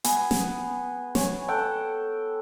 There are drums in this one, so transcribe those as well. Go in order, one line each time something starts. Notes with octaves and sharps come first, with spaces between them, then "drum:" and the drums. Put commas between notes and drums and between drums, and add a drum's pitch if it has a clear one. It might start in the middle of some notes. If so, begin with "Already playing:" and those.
B3 G#4, drum: hi-hat
drum: snare
G#4 C#5, drum: snare
A4 F#5 G5